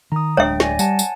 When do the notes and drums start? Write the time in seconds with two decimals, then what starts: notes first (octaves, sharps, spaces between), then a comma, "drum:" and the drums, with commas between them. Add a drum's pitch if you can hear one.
0.12 D#3 A#5 D#6
0.37 D1 G#3 D4 C#5 E5 G5
0.60 D5 G#5 A#6, drum: snare
0.79 G3 F#5 G#5 A5, drum: tambourine
0.99 drum: tambourine